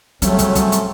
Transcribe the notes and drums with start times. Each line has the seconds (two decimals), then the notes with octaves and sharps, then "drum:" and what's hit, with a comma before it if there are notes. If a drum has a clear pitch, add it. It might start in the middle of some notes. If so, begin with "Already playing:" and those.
0.22 C#3 F#3 G3 A3 C4 C#4, drum: hi-hat
0.39 drum: kick, hi-hat
0.55 drum: kick, hi-hat
0.72 drum: hi-hat